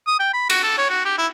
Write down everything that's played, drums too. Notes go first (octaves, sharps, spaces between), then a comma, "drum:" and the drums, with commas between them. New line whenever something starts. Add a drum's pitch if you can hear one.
D#6
G5
B5
F#4, drum: cymbal
A4
C#5
F#4
G4
E4